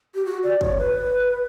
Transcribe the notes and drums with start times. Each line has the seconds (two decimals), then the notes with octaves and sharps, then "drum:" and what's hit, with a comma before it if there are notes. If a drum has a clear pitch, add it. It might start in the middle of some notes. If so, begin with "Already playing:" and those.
0.15 G4
0.26 F#4
0.43 D5
0.61 C#5, drum: kick
0.78 B4